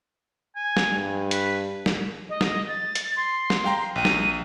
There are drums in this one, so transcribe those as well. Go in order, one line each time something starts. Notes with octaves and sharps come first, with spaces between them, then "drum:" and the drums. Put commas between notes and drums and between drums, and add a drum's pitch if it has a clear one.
G#5
drum: snare
G2
B4, drum: hi-hat
drum: snare
D#5
drum: snare
A6
drum: hi-hat
C6
drum: snare
F5 G5 A#5
A#1 G5 D#7
drum: snare